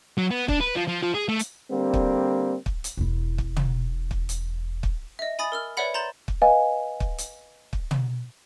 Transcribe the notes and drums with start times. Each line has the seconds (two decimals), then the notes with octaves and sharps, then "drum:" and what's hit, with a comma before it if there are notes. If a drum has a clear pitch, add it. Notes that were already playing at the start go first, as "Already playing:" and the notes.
0.18 F#3
0.31 B3
0.48 D4, drum: kick
0.60 B4
0.76 F3
0.87 F3
1.03 F3
1.14 G#4
1.29 A3
1.39 drum: hi-hat
1.71 D3 G3 A#3 C4
1.94 drum: kick
2.66 drum: kick
2.84 drum: hi-hat
2.97 E1 E4
3.38 drum: kick
3.56 drum: tom
4.11 drum: kick
4.29 drum: hi-hat
4.83 drum: kick
5.19 D#5 E5
5.39 G#5 B5 D#6 A6
5.52 A#4 E6 F6
5.77 B4 C#5 D5 E5 F#5 B5
5.94 A#5 C6 G6 A6 E7 F#7
6.28 drum: kick
6.42 B4 D#5 F5 G#5
7.00 drum: kick
7.18 drum: hi-hat
7.73 drum: kick
7.91 drum: tom